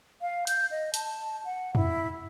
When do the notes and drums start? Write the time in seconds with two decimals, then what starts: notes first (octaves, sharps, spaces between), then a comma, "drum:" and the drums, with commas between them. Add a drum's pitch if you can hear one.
0.21 F5
0.47 G6, drum: hi-hat
0.71 D#5
0.94 A5, drum: hi-hat
1.45 F#5
1.75 E4, drum: tom